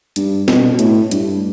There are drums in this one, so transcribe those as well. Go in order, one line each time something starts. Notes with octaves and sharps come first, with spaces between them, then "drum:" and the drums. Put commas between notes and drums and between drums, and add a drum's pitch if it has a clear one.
G2, drum: hi-hat
B2, drum: snare
A2, drum: hi-hat
G2, drum: hi-hat